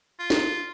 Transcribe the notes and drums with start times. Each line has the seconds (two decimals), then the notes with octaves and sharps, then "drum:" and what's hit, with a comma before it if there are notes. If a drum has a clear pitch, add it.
0.19 F4
0.30 drum: snare